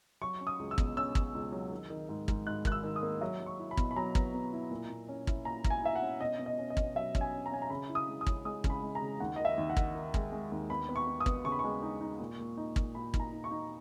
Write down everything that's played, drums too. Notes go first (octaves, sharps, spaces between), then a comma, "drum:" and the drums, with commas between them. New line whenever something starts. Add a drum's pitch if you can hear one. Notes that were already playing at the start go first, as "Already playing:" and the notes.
F#3 C#6
C#4
D#6
C#2
E6
B2, drum: kick
C#4 E6
C#4, drum: kick
C#2
F#3
D#3
D#3
G#2
G#2, drum: kick
G#2 F#6
D#3 F#6, drum: kick
E6
D#3
D#6
A#3
F#3 E5
F#3
C#6
E4
B5
B2, drum: kick
B5
F#3 A#5
B3, drum: kick
B3
E4
A#2
A#2
C#4
E4, drum: kick
A#2 A#5
E4, drum: kick
G#5
E4 E5
F#5
C#4
B2 D#5
B2
D#5
C#4
D#5
B2, drum: kick
F#3 E5
C#4, drum: kick
G#5
C#4
A#5
C#4 G#5
A#5
C#3 B5
E4
D#6
G#3
D#6
C#4, drum: kick
G#3 D#6
C#3, drum: kick
B5
G#3
A#5
C#3
D#2 F#5
D#3 D#5
E5
D#2
F#5
D#3, drum: kick
D#3
G#3, drum: kick
G#3
D#2
B3 B5
B3
C#6
B3
D#6
B3, drum: kick
C#3 C#6
B5
G#3 C#6
D#4
D#4
A#2
A#2
D#4
A#2, drum: kick
A#2 B5
D#4, drum: kick
A#5
D#4
C#6
D#4